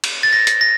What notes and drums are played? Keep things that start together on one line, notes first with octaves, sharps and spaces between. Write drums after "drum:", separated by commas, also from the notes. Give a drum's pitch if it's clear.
drum: cymbal
A6
A#6
drum: hi-hat
A#6